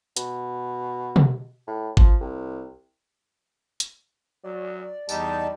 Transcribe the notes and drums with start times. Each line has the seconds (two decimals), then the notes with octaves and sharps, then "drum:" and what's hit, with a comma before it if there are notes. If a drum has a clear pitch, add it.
0.17 B2, drum: hi-hat
1.16 drum: tom
1.67 A2
1.97 F3, drum: kick
2.20 C2
3.80 drum: hi-hat
4.44 F#3 D5
5.09 E2 G3 D#4 A5, drum: tambourine